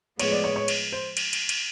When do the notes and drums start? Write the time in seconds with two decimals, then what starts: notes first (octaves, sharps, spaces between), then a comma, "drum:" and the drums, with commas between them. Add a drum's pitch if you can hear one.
0.19 A2 F3 G#3 B3 C#5, drum: cymbal
0.32 D5
0.44 C#5
0.56 C#5
0.68 drum: cymbal
0.92 C5
1.17 drum: cymbal
1.33 drum: cymbal
1.49 drum: cymbal